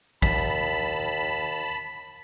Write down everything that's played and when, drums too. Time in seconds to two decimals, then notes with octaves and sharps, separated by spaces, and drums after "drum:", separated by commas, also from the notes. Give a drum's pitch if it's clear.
0.22 D#2 A5 B5 B6, drum: kick